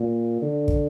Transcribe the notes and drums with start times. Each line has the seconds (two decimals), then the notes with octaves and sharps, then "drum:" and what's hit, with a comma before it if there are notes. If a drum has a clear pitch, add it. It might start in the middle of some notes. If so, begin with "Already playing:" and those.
Already playing: A#2
0.42 D3
0.68 drum: kick